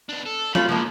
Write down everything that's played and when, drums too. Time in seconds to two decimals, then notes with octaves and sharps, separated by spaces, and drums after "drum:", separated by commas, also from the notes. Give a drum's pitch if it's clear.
0.09 B2 D4
0.26 A4
0.55 A3 F4 B5, drum: snare
0.69 F#2 E3 F3 G#3 A#3